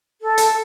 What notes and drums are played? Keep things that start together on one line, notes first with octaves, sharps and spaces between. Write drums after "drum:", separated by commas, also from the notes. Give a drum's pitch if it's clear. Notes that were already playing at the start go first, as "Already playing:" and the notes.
A4
drum: hi-hat